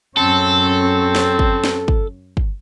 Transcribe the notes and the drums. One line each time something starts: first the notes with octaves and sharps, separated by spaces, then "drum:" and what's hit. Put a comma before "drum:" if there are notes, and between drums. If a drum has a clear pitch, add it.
F#2 C4 C#4 A4
drum: snare
drum: kick
drum: snare
drum: kick
drum: kick